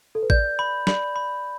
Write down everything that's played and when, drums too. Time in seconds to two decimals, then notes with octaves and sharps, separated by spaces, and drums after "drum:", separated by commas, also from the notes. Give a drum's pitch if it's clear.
0.15 A4
0.23 B4
0.30 D5 G6, drum: kick A1
0.59 B5
0.87 D5 B5, drum: snare
1.16 B5